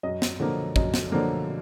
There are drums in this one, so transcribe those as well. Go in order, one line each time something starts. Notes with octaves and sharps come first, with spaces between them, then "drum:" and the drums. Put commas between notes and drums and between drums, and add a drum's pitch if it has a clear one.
F#2 D#5
drum: snare
D3 F3 A#3
F#2 D#5, drum: kick
drum: snare
D3 F3 A#3